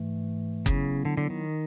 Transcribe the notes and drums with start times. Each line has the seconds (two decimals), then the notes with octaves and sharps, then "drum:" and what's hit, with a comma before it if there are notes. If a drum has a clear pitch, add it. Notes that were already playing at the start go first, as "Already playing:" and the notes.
Already playing: G#2 E3 A3
0.66 C#3 F#3 B3 E4, drum: kick F#1
1.05 D3
1.17 D3
1.30 D#3